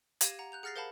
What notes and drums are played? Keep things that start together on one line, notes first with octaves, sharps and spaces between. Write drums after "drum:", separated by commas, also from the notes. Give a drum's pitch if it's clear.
G4 F5 G#6 A#6 D#7, drum: hi-hat
F#5 A#5
F#6 G6 F7
G#4 F#5 F6 A6 A#6 C7
A#4 C5 F5 F#5 A5 B5